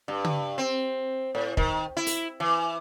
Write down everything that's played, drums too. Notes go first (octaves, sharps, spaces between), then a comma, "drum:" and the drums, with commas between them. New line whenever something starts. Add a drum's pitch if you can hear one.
G2
drum: tom
C4
A2
D#3, drum: kick
E4
drum: open hi-hat
E3